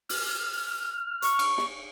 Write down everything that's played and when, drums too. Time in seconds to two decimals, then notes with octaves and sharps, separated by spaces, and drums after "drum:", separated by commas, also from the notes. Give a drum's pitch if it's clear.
0.09 F6, drum: open hi-hat
1.22 C#6, drum: hi-hat
1.39 drum: cymbal
1.58 drum: snare